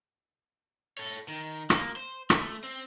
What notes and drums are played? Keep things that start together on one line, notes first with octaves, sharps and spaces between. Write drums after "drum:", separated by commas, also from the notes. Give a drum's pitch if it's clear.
A4 C#5
D#3
A#3, drum: rim click
C5
A3, drum: rim click
C4